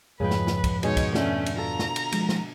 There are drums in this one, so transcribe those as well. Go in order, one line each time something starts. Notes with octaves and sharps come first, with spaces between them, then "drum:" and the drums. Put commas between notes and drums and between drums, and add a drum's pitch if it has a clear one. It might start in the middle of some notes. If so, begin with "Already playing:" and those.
F2 G#2 C#3 F3 B4 D#5 G5
drum: snare
drum: snare
drum: kick, cymbal
B2 G#3 C#4 D#4 C#5, drum: cymbal
drum: kick, cymbal
D3 A3 C#4, drum: snare
drum: cymbal
F4 F#4 A4 A#5
drum: snare
drum: cymbal
F3 G#3, drum: cymbal
drum: snare